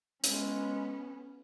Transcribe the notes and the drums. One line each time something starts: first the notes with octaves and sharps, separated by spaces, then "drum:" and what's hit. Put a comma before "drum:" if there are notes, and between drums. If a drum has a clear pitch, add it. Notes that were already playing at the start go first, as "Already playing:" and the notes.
G#3 B3 C#4, drum: hi-hat